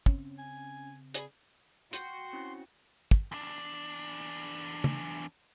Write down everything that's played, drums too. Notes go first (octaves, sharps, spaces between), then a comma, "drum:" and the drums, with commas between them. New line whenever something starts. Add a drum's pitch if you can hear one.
C#3 C4 C#4, drum: kick
G#5
G#4 D5 B5, drum: hi-hat
F#4 G5 C6, drum: hi-hat
C4 C#4 E4
drum: kick
E2 D4
drum: tom